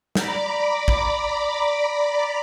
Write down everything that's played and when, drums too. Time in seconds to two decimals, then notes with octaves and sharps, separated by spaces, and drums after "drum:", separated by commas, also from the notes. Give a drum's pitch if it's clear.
0.15 D5 A#5 B5 D6, drum: snare
0.88 drum: kick A1